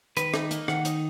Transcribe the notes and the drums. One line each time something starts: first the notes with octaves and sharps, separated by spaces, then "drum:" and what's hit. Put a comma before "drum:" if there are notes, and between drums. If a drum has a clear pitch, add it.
D#3 B4, drum: hi-hat
D#4, drum: rim click
A#3, drum: hi-hat
D#3 F#5, drum: rim click
D#4, drum: hi-hat